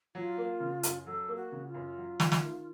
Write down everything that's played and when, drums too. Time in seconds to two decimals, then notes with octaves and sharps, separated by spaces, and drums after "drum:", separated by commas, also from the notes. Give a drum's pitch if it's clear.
0.15 F#3 F4
0.38 A#3
0.60 C#3
0.83 F#2, drum: hi-hat
1.06 F#3 A4
1.28 A#3
1.36 F#4
1.52 C#3
1.68 F4
1.74 F#2
1.98 F#3
2.20 A3, drum: snare
2.32 drum: snare
2.43 D#3